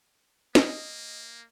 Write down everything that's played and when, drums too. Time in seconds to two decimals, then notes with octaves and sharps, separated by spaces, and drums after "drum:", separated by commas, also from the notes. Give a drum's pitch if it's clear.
0.55 A#3 D#5, drum: snare